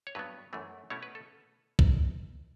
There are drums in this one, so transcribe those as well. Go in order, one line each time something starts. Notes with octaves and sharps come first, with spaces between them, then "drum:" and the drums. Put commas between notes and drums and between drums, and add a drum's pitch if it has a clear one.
C#5
G2 F#3 B3 B4
F#2 E3 A3
B2 A3 C#4 E4 C#5
B4
A4
drum: kick